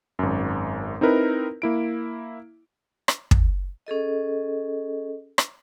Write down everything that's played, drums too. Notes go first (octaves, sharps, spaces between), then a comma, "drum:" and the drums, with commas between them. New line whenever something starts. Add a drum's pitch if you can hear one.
G#1 F#2
C4 D#4 E4 A#4 B4
A#3 E4 D7
drum: rim click
drum: kick
C#4 G#4 A4 D#5
drum: rim click